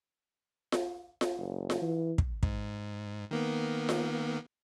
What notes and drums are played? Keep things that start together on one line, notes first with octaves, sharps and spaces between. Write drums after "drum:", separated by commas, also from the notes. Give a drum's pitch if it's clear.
drum: snare F4
drum: snare F4
F#1
drum: snare F4
E3
drum: kick
G#2, drum: kick
D#3 A#3 B3
drum: snare F4